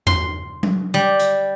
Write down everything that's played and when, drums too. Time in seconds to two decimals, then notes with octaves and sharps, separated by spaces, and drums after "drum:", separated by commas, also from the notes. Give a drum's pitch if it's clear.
0.07 C6, drum: tom E2
0.63 drum: tom F#3
0.94 G3
1.19 drum: hi-hat